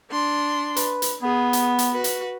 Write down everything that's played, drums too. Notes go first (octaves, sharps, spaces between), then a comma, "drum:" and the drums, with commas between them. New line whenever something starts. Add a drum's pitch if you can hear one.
D4 C6
B4, drum: hi-hat
drum: hi-hat
B3 G#4
drum: hi-hat
drum: hi-hat
F#4 B4
drum: hi-hat